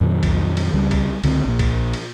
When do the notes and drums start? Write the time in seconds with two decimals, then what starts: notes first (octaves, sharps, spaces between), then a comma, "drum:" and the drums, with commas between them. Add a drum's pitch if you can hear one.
0.01 F2 A#2 D#3 F#3
0.23 drum: kick C2, cymbal
0.57 drum: cymbal
0.74 C#2 G3
0.91 drum: kick C2, cymbal
1.24 C#2 D3 C4, drum: cymbal
1.45 A#1 A#2
1.59 drum: kick C2, cymbal
1.93 drum: cymbal